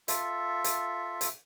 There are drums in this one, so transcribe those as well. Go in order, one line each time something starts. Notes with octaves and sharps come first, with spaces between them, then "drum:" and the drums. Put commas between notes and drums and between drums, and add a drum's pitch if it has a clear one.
F4 A4 E5, drum: hi-hat
drum: hi-hat
drum: hi-hat